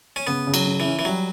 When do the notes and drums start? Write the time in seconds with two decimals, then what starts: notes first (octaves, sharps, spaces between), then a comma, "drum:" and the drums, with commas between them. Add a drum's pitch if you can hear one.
0.16 C#4
0.27 C#3 B3
0.47 C#3
0.54 F#3, drum: cymbal
0.66 C#3
0.80 E3
0.85 C#4
0.99 E3
1.05 F#3 G3